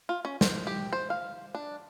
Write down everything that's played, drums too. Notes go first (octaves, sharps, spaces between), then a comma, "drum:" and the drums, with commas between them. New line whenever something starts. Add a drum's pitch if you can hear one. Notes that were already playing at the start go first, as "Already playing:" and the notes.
F4
C#4
C5, drum: snare
G4
C5
F5
D4